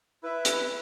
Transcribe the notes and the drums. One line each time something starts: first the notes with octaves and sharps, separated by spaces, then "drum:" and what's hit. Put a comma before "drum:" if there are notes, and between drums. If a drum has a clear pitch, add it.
E4 B4 E5
drum: hi-hat